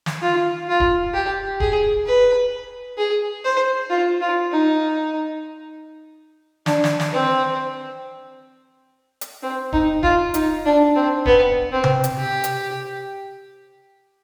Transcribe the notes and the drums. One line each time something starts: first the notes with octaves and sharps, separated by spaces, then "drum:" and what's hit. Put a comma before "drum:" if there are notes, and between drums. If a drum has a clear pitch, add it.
drum: snare
F4
F4
drum: kick D1
G4
G#4, drum: kick D1
B4
G#4
C5
F4
F4
D#4
D4, drum: snare
drum: snare
drum: snare
C4
drum: hi-hat
C4
D#4, drum: kick D1
F4, drum: kick D1
D#4, drum: hi-hat
D4
C4
B3, drum: kick D1
C4
drum: tom C3
drum: hi-hat
G4
drum: hi-hat